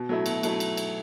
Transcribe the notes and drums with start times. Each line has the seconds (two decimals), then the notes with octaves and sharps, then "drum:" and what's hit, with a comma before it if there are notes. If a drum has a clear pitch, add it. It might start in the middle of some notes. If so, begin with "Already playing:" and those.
Already playing: B2
0.09 F#3 A3 E4
0.26 B2, drum: cymbal
0.43 F#3 A3 E4, drum: cymbal
0.60 drum: cymbal
0.77 drum: cymbal